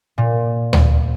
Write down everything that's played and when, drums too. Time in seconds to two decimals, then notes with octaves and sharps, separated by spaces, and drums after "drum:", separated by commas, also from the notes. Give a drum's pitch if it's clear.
0.18 A#2
0.73 drum: tom D2